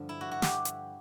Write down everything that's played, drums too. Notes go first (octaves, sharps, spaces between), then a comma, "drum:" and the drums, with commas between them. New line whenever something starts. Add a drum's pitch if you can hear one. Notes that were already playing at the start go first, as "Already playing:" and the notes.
Already playing: G2 D3 F3
E4
F#4
F#4
G4, drum: snare
drum: hi-hat